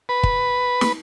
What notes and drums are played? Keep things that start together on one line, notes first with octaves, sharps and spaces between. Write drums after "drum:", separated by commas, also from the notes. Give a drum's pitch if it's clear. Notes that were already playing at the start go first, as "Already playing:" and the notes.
B4
drum: kick
drum: snare